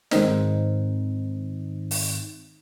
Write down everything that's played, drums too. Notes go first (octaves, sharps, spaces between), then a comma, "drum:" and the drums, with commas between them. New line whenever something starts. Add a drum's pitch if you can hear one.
G#2 D#3 C4 D#4, drum: snare
drum: open hi-hat